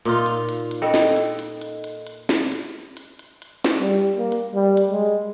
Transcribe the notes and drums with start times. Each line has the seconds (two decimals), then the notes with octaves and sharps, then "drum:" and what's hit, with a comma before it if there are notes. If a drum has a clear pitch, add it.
0.05 A#2 D#4 F4, drum: hi-hat
0.26 drum: hi-hat
0.49 drum: hi-hat
0.71 drum: hi-hat
0.82 A4 D#5 G5
0.94 drum: snare
1.16 drum: hi-hat
1.39 drum: hi-hat
1.61 drum: hi-hat
1.84 drum: hi-hat
2.07 drum: hi-hat
2.29 drum: snare
2.52 drum: hi-hat
2.97 drum: hi-hat
3.19 drum: hi-hat
3.42 drum: hi-hat
3.64 drum: snare
3.80 G3
4.18 A#3
4.32 drum: hi-hat
4.55 G3
4.77 drum: hi-hat
4.91 G#3